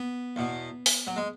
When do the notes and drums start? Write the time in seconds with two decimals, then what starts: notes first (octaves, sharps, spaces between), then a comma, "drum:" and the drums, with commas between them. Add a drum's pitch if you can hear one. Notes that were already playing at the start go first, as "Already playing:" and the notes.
Already playing: B3
0.36 E2 B2
0.86 drum: open hi-hat
1.07 F#3
1.16 G#3